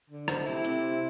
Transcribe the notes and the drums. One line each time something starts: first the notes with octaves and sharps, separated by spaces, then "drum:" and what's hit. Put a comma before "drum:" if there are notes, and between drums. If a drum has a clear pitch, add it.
D3
A3 C5, drum: rim click
C3 E4
C3, drum: hi-hat
C4